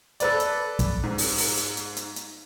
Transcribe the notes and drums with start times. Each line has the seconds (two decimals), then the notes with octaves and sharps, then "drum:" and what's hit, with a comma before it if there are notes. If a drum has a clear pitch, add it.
0.20 A4 B4 D5, drum: hi-hat
0.40 drum: hi-hat
0.79 drum: kick, hi-hat
1.03 G#2
1.18 drum: open hi-hat
1.38 drum: open hi-hat
1.57 drum: hi-hat
1.77 drum: hi-hat
1.97 drum: hi-hat
2.16 drum: hi-hat